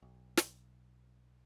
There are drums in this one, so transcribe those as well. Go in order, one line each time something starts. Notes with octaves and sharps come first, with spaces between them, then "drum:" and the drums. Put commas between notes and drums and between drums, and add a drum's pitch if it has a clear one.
B1
drum: snare